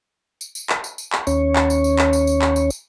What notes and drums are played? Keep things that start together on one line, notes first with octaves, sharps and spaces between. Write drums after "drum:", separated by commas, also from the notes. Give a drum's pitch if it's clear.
drum: tambourine
drum: tambourine
drum: clap
drum: tambourine
drum: tambourine
drum: clap
D#2 C#4 C#5, drum: tambourine
drum: clap
drum: tambourine
drum: tambourine
drum: clap
drum: tambourine
drum: tambourine
drum: clap
drum: tambourine
drum: tambourine